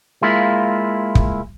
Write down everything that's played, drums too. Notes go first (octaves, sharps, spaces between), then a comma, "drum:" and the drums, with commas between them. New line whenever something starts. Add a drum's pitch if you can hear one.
G#3 A#3 E4 F4
drum: kick